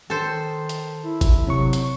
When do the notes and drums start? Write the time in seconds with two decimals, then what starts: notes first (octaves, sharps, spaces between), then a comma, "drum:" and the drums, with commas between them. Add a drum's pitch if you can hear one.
0.10 D#3 A4 C5
0.69 drum: hi-hat
1.05 E4
1.21 drum: kick G#1, hi-hat
1.47 C3 F#3 C#6
1.73 drum: hi-hat